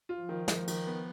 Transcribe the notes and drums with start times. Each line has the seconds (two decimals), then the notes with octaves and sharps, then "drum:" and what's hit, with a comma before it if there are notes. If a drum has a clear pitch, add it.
0.09 F4
0.19 F3
0.29 D#3
0.48 D#3, drum: snare
0.68 D#3, drum: cymbal
0.87 B3